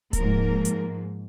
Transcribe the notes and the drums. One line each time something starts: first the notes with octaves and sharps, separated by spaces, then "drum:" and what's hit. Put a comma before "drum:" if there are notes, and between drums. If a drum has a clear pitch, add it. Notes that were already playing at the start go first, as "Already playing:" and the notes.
G#2 F3 A#3 A#4, drum: kick D1, hi-hat
drum: hi-hat